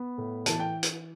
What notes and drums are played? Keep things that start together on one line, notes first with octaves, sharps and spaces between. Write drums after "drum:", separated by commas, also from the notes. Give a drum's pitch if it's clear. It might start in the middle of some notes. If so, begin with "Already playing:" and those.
Already playing: B3 B5
A2
E3 A5, drum: hi-hat
G5
drum: hi-hat